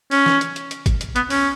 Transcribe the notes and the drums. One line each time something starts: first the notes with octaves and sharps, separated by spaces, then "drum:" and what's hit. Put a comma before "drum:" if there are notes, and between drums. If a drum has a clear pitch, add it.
C#4, drum: open hi-hat
drum: snare
drum: hi-hat
drum: hi-hat
drum: hi-hat
drum: kick, hi-hat
drum: hi-hat
B3, drum: hi-hat
C#4, drum: open hi-hat